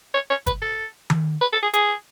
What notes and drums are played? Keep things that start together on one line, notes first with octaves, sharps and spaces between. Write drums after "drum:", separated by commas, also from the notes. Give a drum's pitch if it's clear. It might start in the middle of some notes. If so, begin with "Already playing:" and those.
C#5
C#5
B4, drum: kick G1, hi-hat
A4
drum: tom D#3
B4
A4
G#4
G#4, drum: hi-hat